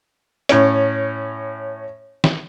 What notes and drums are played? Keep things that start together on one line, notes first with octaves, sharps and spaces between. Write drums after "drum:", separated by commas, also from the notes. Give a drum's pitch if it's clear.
A2 C#4, drum: hi-hat
drum: snare